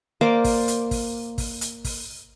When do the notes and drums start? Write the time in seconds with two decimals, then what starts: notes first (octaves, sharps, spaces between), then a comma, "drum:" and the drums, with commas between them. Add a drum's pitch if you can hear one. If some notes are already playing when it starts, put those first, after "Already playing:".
0.21 A#3 C5 D5 D6
0.44 drum: kick, open hi-hat
0.68 drum: hi-hat
0.91 drum: kick, open hi-hat
1.38 drum: kick, open hi-hat
1.61 drum: hi-hat
1.84 drum: kick, open hi-hat